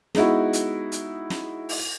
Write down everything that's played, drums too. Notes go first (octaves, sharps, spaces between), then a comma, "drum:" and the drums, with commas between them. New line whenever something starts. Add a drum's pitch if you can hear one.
G#3 B3 D#4 E4 F#4, drum: snare
drum: hi-hat
drum: hi-hat
drum: snare
drum: open hi-hat